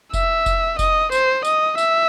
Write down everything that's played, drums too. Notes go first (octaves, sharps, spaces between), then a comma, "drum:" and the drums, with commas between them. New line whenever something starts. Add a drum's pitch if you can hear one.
E5, drum: kick F1, tambourine
drum: kick F1, tambourine
D#5, drum: kick F1, tambourine
C5, drum: tambourine
D#5, drum: tambourine
E5, drum: tambourine